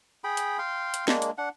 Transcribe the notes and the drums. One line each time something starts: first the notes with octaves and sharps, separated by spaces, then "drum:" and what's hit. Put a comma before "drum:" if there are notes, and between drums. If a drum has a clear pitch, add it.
G#4 G5 B5
drum: hi-hat
F5 G5 C6
drum: hi-hat
G#3 A#3 D4, drum: snare
drum: hi-hat
D4 F#5